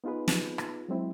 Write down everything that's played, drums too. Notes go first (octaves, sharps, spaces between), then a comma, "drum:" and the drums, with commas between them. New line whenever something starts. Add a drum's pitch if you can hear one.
B3 D#4 F4 G#4 B4
drum: snare
drum: rim click
F#3 G#3 C4 E4